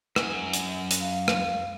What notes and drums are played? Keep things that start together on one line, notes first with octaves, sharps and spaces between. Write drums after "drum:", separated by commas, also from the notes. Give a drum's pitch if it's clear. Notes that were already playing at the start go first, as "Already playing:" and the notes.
F#2 G#5, drum: rim click
drum: hi-hat
drum: hi-hat
F5
drum: rim click